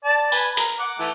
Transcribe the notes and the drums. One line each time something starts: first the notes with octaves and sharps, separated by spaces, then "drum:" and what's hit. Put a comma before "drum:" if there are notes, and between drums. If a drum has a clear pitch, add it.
D5 A5
B4 G#5 B5, drum: tambourine
A#4, drum: hi-hat
F#5 D6
E3 A3